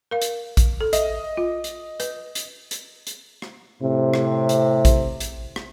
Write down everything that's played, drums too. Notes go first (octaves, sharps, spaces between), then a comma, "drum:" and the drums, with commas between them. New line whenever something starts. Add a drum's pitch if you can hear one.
A#4 F5
drum: hi-hat
drum: kick A#1, hi-hat
A4
D#5 E5, drum: hi-hat
F4
drum: hi-hat
B4, drum: hi-hat
drum: hi-hat
drum: hi-hat
drum: hi-hat
drum: rim click
A2 C3
drum: rim click
drum: hi-hat
drum: kick A#1, hi-hat
drum: hi-hat
drum: rim click